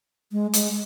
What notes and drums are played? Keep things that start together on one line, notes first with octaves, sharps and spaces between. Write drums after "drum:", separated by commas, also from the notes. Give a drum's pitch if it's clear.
G#3
G#3, drum: hi-hat